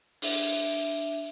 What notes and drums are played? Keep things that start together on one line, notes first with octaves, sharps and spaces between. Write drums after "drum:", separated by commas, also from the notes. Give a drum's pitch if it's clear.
D4 E5, drum: open hi-hat